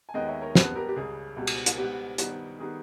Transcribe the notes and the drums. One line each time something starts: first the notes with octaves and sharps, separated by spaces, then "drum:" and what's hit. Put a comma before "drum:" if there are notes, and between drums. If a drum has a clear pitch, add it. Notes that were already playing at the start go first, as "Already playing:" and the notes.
G#5
D#2 D#3 G#3 B3 D#5 G5
C#5 E5
A#4 C#5
G2 G3 B3 G#4 B4, drum: snare
G4 A#4
G4
C#2 C#3 G3 G#4
C#2 B2 G3
drum: cymbal
drum: hi-hat
G#2 G3 B3 G4
G2 D#3 G3 B3, drum: hi-hat
D#3 G3 B3 G#4